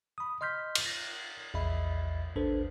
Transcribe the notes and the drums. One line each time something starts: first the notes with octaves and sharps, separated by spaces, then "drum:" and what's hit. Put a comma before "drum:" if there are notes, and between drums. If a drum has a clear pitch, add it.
B5 D#6
D#5 C6 F6 G6 B6
drum: cymbal
A#6
A#1 E2 D#5 E5 B5
A1 D#2 D4 A4 B4 C5